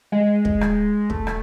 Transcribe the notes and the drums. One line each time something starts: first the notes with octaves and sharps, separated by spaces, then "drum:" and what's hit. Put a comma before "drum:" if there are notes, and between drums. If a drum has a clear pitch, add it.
G#3
drum: kick
drum: rim click
A3, drum: kick
drum: rim click